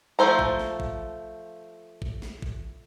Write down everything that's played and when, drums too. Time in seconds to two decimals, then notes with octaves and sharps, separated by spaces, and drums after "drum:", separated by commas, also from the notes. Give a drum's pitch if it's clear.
0.19 F3 F#3 A3 C5 A#5
0.39 drum: kick A1
0.59 drum: snare
0.80 drum: kick A1
2.02 drum: kick A1
2.22 drum: snare
2.42 drum: kick A1